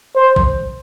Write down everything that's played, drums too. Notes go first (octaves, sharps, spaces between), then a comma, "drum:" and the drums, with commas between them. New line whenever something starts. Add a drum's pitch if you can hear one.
C5
drum: kick A1